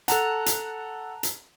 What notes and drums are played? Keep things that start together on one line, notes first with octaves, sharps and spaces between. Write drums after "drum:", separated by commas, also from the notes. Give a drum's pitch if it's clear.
A4 F#5 A5 A#5 F#6, drum: hi-hat
drum: hi-hat
drum: hi-hat